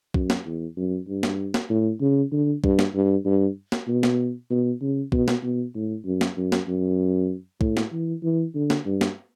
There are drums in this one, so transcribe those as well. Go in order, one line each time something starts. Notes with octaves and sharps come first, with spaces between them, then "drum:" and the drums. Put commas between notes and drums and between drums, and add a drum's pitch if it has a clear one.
F#2, drum: kick
drum: snare
E2
F#2
G2
drum: snare
drum: snare
A2
C#3
D3
G2, drum: kick
drum: snare
G2
G2
drum: snare
B2
drum: snare
B2
C#3
B2, drum: kick
drum: snare
B2
A2
F#2
drum: snare
F#2
drum: snare
F#2
A2, drum: kick
drum: snare
E3
E3
D3
drum: snare
G2
drum: snare